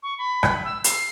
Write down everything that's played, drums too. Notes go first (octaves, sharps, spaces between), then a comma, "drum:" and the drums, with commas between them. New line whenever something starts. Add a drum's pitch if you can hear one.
C#6
B5
drum: rim click
E6
C7, drum: hi-hat